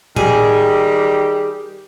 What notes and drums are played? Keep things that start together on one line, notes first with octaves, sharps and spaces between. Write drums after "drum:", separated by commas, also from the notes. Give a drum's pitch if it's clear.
D#3 G3 G4 G#4, drum: tom A2